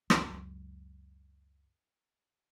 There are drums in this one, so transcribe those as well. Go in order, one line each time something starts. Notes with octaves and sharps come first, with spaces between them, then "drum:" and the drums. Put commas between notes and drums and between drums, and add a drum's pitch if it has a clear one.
C#2 F#2, drum: rim click